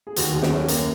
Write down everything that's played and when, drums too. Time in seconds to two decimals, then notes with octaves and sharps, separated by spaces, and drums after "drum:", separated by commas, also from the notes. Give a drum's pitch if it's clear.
0.07 G#4
0.16 D#2 F#4, drum: hi-hat
0.30 D#2 G#4
0.42 F#4, drum: snare
0.51 F#3 C#4
0.68 F#2 A#3, drum: hi-hat